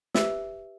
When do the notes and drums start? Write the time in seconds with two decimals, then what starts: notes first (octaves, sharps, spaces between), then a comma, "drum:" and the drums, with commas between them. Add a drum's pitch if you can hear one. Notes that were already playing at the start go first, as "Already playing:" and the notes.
0.15 G4 B4 E5 E6, drum: snare